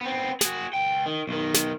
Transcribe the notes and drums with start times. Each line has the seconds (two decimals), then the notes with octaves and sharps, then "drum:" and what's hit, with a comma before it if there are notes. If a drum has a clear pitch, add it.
0.01 B3 C4
0.41 F#4 G#4, drum: snare
0.73 C#2 G5
1.06 D#3
1.27 B1 D#3
1.54 drum: snare